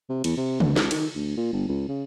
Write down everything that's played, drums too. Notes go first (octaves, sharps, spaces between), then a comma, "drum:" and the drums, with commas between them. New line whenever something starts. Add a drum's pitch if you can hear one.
C3
E2, drum: cymbal
C3
D2, drum: tom C#3
C#2, drum: snare
D#3, drum: cymbal
D2
A#2
G1
C#2
C#3